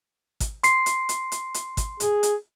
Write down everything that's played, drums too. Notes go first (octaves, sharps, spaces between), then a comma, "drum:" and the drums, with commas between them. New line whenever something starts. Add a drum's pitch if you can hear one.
drum: kick, hi-hat
C6 C7, drum: hi-hat
drum: hi-hat
drum: hi-hat
drum: hi-hat
drum: hi-hat
drum: kick, hi-hat
G#4, drum: hi-hat
drum: hi-hat